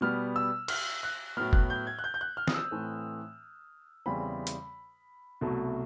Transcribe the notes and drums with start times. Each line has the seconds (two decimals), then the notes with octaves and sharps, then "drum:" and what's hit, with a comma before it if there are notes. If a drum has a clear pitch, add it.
0.01 B2 G3 B3 F6
0.36 E6
0.68 F6, drum: cymbal
1.03 F#6
1.37 A2 F#3 B3 F6
1.53 F#6, drum: kick
1.70 G6
1.87 G#6
1.99 F#6
2.04 G6
2.14 G6
2.21 F#6
2.37 F6
2.48 D#6, drum: snare
2.54 E6
2.71 A2 E3 A3 C4
4.06 E2 C#3 E3 G3 C4 B5
4.47 drum: hi-hat
5.41 C2 B2 F#3 A3